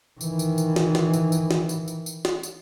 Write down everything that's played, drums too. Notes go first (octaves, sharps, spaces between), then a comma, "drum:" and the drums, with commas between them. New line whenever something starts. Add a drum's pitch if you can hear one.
D#3 E3, drum: tambourine
drum: tambourine
drum: tambourine
drum: snare
drum: snare
drum: tambourine
drum: tambourine
drum: snare
drum: tambourine
drum: tambourine
drum: tambourine
drum: snare
drum: tambourine